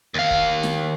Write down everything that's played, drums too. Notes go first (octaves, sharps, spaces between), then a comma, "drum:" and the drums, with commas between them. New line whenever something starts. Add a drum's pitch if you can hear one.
D#2 F5
drum: kick
drum: snare